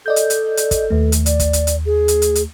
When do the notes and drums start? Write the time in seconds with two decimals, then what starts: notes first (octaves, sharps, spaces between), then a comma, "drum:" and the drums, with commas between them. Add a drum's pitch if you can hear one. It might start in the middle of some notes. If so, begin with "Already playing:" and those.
0.06 A4 D5 D#5 G6
0.16 drum: hi-hat
0.30 drum: hi-hat
0.57 drum: hi-hat
0.71 drum: kick, hi-hat
0.90 D#2 A3
1.12 drum: hi-hat
1.26 D5, drum: hi-hat
1.40 drum: kick, hi-hat
1.53 drum: hi-hat
1.67 drum: hi-hat
1.86 G#4
2.08 drum: hi-hat
2.22 drum: hi-hat
2.35 drum: hi-hat